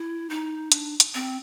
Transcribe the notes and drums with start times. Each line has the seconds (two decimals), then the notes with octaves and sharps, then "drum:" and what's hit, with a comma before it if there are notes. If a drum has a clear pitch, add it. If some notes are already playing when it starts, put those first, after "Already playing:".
Already playing: E4
0.30 D#4
0.72 D4, drum: hi-hat
1.00 drum: hi-hat
1.14 C4